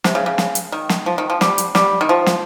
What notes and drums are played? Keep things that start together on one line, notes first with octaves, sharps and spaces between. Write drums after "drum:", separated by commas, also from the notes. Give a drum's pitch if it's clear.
C3, drum: snare
C#3
C#3
drum: snare
drum: hi-hat
D#3
drum: snare
F3
D#3
F3
G3, drum: snare
drum: hi-hat
G3, drum: snare
D#3
F3
drum: snare